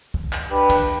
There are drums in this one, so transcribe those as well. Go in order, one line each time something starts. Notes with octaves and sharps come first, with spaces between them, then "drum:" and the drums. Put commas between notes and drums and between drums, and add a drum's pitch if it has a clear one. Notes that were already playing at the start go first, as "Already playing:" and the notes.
drum: kick
drum: clap
D4 G4 B4
drum: kick, cymbal